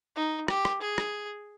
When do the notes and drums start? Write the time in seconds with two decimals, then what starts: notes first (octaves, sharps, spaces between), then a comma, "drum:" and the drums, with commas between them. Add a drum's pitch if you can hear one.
0.16 D#4
0.48 G4, drum: rim click
0.65 drum: rim click
0.81 G#4
0.98 drum: rim click